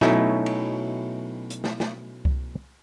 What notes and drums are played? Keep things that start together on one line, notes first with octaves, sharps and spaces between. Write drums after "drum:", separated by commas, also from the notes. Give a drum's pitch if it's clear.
B2 F#3 A3 C#4 D#4 E4, drum: snare
drum: cymbal
drum: hi-hat
drum: snare
drum: snare
drum: kick C2